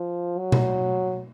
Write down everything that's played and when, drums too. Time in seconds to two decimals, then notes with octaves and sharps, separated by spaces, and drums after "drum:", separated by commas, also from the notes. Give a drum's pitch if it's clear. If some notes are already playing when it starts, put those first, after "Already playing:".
Already playing: F3
0.38 F#3
0.52 drum: tom B2